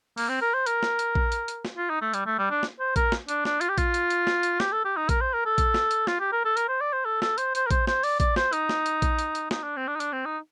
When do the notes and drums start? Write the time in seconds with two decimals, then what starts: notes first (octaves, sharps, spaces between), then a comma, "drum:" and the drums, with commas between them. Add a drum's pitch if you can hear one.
0.18 A#3, drum: open hi-hat
0.29 C4
0.42 A#4
0.54 C5
0.66 A#4, drum: hi-hat
0.83 drum: snare
0.99 drum: hi-hat
1.15 drum: kick A#1
1.32 drum: hi-hat
1.48 drum: hi-hat
1.65 drum: snare
1.77 F4
1.90 D#4
2.02 A3
2.14 G3, drum: hi-hat
2.26 A3
2.39 G3
2.51 D4
2.63 drum: snare
2.79 C5
2.96 A#4, drum: kick A#1, hi-hat
3.12 drum: snare
3.28 D4, drum: hi-hat
3.45 D4, drum: snare
3.61 F4, drum: hi-hat
3.69 G4
3.78 F4, drum: kick A#1, hi-hat
3.94 drum: hi-hat
4.10 drum: hi-hat
4.27 drum: snare
4.43 drum: hi-hat
4.60 G4, drum: snare
4.72 A4
4.85 G4
4.97 D#4
5.09 A#4, drum: kick A#1, hi-hat
5.21 C5
5.34 A#4
5.45 A4
5.58 drum: kick A#1, hi-hat
5.74 drum: snare
5.91 drum: hi-hat
6.07 F4, drum: snare
6.20 G4
6.32 A#4
6.45 A4
6.57 A#4, drum: hi-hat
6.68 C5
6.81 D5
6.93 C5
7.05 A4
7.22 A4, drum: snare
7.38 C5, drum: hi-hat
7.55 C5, drum: hi-hat
7.67 A#4
7.71 C5, drum: kick A#1, hi-hat
7.87 C5, drum: snare
8.03 D5, drum: open hi-hat
8.20 D5, drum: kick A#1, hi-hat
8.36 C5, drum: snare
8.53 D#4, drum: hi-hat
8.69 drum: snare
8.86 drum: hi-hat
9.02 drum: kick A#1, hi-hat
9.19 drum: hi-hat
9.35 drum: hi-hat
9.51 D#4, drum: snare
9.63 D4
9.77 C4
9.88 D4
9.96 D#4
10.00 D4, drum: hi-hat
10.13 C4
10.25 D#4